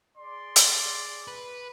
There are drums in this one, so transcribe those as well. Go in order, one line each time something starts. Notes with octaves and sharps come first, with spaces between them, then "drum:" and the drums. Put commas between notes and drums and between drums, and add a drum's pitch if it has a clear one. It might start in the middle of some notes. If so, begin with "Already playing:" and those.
G#4 D5 C6 D6
drum: hi-hat
B4